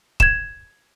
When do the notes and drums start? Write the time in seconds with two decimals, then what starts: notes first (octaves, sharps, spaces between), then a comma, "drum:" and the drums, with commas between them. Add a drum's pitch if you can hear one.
0.20 G#6 E7, drum: kick